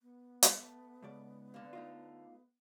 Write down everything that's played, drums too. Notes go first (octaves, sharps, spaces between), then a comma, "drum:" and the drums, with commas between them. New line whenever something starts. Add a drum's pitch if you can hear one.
B3
A3, drum: hi-hat
G#2 C#3 D5
D3 A#3
A3 D#4 F4